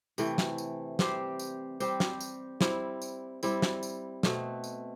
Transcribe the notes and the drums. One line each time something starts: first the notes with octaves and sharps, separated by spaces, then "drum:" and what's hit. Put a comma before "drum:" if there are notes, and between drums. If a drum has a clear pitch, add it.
C3 E3 A3, drum: tambourine
drum: snare
drum: tambourine
G3 C4 G4 C5, drum: snare
drum: tambourine
G3 C4 G4 C5, drum: tambourine
drum: snare
drum: tambourine
G3 C4 E4, drum: snare
drum: tambourine
G3 C4 E4, drum: tambourine
drum: snare
drum: tambourine
B2 A3 C4, drum: snare
drum: tambourine